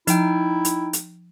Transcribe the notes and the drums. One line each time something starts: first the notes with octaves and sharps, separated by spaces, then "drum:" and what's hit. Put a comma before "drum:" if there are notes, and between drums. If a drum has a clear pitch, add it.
F3 D#4 E4 G5, drum: hi-hat
drum: hi-hat
drum: hi-hat